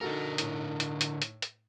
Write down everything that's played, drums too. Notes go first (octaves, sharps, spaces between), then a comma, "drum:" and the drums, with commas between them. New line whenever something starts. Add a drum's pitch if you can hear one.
D3 D#4 F#4 A4 A#4
A2 D#4, drum: hi-hat
drum: hi-hat
drum: hi-hat
drum: hi-hat
drum: hi-hat